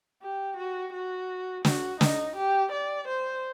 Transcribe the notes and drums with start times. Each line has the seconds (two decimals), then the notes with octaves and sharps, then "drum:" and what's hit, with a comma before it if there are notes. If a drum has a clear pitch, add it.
0.22 G4
0.57 F#4
0.93 F#4
1.65 F#4, drum: snare
2.01 D#4, drum: snare
2.36 G4
2.72 D5
3.08 C5